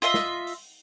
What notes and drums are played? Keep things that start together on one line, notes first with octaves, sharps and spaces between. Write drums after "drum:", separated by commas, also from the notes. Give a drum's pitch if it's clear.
F4 D#5 E5 C6
drum: snare
drum: open hi-hat